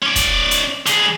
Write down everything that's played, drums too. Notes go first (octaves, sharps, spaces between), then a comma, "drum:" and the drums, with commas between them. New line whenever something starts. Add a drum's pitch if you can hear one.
C#4 D5
drum: kick, hi-hat
drum: hi-hat
D3 G#4, drum: hi-hat